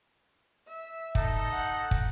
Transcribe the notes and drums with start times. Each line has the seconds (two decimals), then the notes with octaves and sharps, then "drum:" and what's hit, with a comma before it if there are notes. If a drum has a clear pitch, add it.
0.68 E5
1.15 D#4 A4, drum: kick
1.52 F#5
1.91 drum: kick